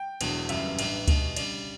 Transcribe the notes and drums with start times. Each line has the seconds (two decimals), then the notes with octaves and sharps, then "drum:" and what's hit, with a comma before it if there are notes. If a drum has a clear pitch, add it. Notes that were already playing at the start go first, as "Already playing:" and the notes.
Already playing: G5
0.21 E1 E2 D3 F#3, drum: cymbal
0.49 G1 F#2 C#3 E3 G3 E5, drum: cymbal
0.79 A1 G2 E3, drum: cymbal
1.08 B1 B2 G3, drum: kick C#2, cymbal
1.36 D2 C#3 G3 D5, drum: cymbal